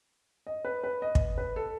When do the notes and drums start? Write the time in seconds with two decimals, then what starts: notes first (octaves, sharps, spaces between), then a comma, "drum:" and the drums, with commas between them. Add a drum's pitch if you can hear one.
0.47 D#5
0.65 B4
0.84 B4
1.02 D#5
1.15 drum: kick
1.38 B4
1.56 A4